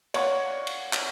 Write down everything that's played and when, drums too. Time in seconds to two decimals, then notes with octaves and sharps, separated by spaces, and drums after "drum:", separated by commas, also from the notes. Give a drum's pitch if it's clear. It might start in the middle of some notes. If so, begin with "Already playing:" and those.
0.14 C#5 D5 F5 F#5 C#6, drum: cymbal
0.67 drum: cymbal
0.93 drum: clap